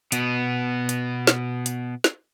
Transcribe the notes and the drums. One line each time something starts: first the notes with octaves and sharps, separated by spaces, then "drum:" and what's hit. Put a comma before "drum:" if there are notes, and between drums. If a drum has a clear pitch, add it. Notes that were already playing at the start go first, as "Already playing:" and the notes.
B2 B3, drum: hi-hat
drum: hi-hat
drum: snare
drum: hi-hat
drum: snare